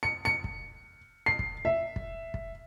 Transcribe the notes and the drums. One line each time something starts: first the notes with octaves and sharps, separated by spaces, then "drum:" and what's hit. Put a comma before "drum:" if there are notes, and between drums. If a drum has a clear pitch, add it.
C#7
C#7
drum: kick
C7
drum: kick
E5
drum: kick
drum: kick